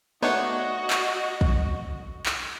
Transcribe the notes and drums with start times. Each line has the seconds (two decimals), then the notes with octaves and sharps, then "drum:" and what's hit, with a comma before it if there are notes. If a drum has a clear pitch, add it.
0.22 A3 B3 D4 D#4 F#4 C#5 D#5 F#5
0.90 drum: clap
1.41 drum: kick
2.26 drum: clap